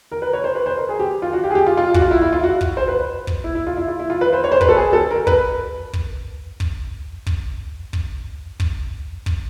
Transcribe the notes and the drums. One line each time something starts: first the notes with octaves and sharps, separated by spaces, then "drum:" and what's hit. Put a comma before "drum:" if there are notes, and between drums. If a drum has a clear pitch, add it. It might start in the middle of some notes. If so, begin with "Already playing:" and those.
A#4
B4
C#5
C5
B4
C5
A#4
G#4
G4
F4
F#4
G4
G#4
G4
F4
F4
F#4, drum: kick
F4
E4
E4
F4
F#4
drum: kick
C5
B4
drum: kick
E4
E4
F4
E4
F4
E4
F4
B4
C5
C#5
C5
B4, drum: kick
A4
G#4
A4
A#4
B4, drum: kick
drum: kick
drum: kick
drum: kick
drum: kick
drum: kick
drum: kick